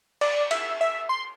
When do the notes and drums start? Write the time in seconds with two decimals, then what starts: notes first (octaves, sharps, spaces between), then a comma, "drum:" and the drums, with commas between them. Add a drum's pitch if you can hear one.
0.21 D5, drum: cymbal
0.51 E5, drum: cymbal
0.81 E5
1.09 C6